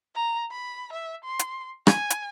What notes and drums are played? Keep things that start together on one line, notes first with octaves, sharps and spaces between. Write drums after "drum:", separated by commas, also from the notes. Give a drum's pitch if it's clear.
A#5
B5
E5
C6
drum: hi-hat
G#5, drum: rim click
drum: hi-hat